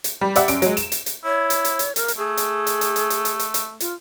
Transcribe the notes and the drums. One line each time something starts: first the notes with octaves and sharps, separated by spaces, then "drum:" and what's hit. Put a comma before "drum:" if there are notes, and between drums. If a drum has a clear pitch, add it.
drum: hi-hat
G3
G4 D5 E5 F#5, drum: hi-hat
F#2 D7, drum: hi-hat
F#3 G#3, drum: hi-hat
E7, drum: hi-hat
drum: hi-hat
drum: hi-hat
E4 C#5
drum: hi-hat
drum: hi-hat
drum: hi-hat
A#4, drum: hi-hat
drum: hi-hat
A3 G#4
drum: hi-hat
drum: hi-hat
drum: hi-hat
drum: hi-hat
drum: hi-hat
drum: hi-hat
drum: hi-hat
drum: hi-hat
F4, drum: hi-hat